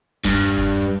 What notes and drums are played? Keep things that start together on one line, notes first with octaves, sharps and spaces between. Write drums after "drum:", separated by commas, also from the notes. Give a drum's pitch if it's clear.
G2, drum: kick E1, hi-hat
drum: hi-hat
drum: kick E1, hi-hat
drum: hi-hat